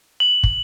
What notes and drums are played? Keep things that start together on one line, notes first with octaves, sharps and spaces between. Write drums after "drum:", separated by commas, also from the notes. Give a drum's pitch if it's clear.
F#7
drum: kick